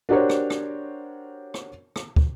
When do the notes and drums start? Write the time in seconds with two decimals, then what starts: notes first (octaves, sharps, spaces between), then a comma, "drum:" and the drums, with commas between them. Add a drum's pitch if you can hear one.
0.09 D4 F#4 G4 A#4 C5 C#5
0.30 drum: rim click
0.50 drum: rim click
1.54 drum: rim click
1.96 drum: rim click
2.16 drum: kick